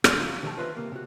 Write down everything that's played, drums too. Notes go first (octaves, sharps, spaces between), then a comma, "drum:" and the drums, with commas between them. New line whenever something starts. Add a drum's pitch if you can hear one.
D3 G#3 B3 G#5 C6, drum: rim click
C#3 F3 F#3 F4 D#5
D3 D#3 G3 A3 G5 A5
F4 B4 C5 D#5 E5
C3 A#3
C3 F#4